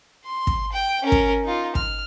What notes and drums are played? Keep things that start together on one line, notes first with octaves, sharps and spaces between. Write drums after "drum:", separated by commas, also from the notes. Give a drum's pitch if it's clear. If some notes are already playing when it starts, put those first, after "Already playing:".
C6
drum: kick
G5
C#4 A#4
drum: kick
D#4 F4
F6, drum: kick